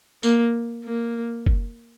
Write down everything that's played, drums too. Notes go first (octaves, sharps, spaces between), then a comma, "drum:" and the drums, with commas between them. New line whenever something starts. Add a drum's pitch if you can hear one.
A#3, drum: tambourine
A#3
drum: kick F#1